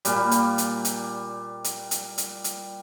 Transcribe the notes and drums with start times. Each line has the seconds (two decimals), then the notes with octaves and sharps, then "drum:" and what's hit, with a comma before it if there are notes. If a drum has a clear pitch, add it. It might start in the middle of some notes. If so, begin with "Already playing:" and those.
0.05 A#2 G3, drum: hi-hat
0.31 drum: hi-hat
0.58 drum: hi-hat
0.85 drum: hi-hat
1.64 drum: hi-hat
1.91 drum: hi-hat
2.18 drum: hi-hat
2.44 drum: hi-hat